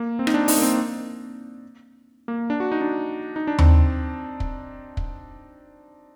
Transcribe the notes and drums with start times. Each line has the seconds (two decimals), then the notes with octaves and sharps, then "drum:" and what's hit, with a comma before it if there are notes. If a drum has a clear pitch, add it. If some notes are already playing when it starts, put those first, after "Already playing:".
Already playing: A#3
0.19 C4
0.27 D#4, drum: rim click
0.34 D4
0.48 D#4, drum: open hi-hat
0.58 A#3
0.62 C4
2.28 A#3
2.50 D4
2.60 F#4
2.72 D#4
2.81 D4
3.36 D#4
3.47 D4
3.59 C4, drum: tom D#2
4.40 drum: kick
4.97 drum: kick